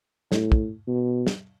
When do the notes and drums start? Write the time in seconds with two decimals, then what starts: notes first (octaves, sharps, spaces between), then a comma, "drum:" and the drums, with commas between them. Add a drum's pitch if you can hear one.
0.32 A2, drum: snare
0.52 drum: kick
0.87 B2
1.27 drum: snare